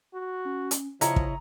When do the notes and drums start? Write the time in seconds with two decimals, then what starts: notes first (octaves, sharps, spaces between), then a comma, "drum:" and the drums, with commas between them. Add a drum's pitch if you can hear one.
0.14 F#4
0.45 C#4
0.71 drum: hi-hat
1.01 C#3 F3 E4 C#5 D#5 A#5, drum: hi-hat
1.16 drum: kick